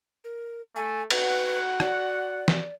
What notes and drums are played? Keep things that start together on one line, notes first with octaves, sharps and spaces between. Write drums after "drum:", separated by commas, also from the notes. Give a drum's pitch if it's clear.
A#4
A3 G#5
F#4 B4 F#5, drum: cymbal
D5, drum: rim click
drum: snare